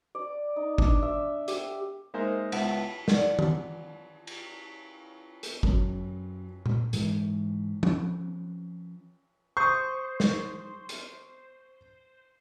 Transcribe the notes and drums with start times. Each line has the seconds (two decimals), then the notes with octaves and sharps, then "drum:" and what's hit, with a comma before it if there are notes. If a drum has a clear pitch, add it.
0.15 D5
0.56 D#4
0.78 D4, drum: kick G1
1.02 E5
1.48 G4, drum: hi-hat
2.14 G#3 A#3 D#4 A#4 C5 E5
2.52 C#2 B3 E5 F#5 A5, drum: cymbal
3.08 D5 F#5 A5, drum: snare
3.39 drum: tom
4.27 drum: cymbal
5.43 drum: hi-hat
5.63 F#2, drum: kick G1
6.66 drum: tom A#2
6.93 G#2 E3, drum: hi-hat
7.83 F3 C#4, drum: tom
9.57 C5 C#6 D#6
10.20 drum: snare
10.89 drum: hi-hat